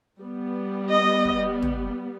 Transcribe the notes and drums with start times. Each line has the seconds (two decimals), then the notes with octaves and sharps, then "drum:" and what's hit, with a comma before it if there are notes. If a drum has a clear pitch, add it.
0.20 G3 B3
0.91 D#5
1.25 drum: kick
1.62 drum: tom